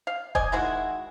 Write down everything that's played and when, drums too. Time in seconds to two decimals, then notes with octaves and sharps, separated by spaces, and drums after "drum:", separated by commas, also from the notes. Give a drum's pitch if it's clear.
0.07 F5
0.35 D5 D#5 G#5, drum: kick E1
0.52 D#3 G#3 E4 F#4